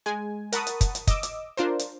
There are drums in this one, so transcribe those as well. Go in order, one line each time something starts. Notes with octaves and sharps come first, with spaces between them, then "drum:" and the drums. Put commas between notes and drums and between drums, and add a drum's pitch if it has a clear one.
G#3 G#5
A#4 F#5 A5 B5 C#6 D#6, drum: hi-hat
drum: hi-hat
drum: kick, hi-hat
drum: hi-hat
D#5 D6 E6, drum: kick, hi-hat
drum: hi-hat
D4 F4 A#4 C5
drum: hi-hat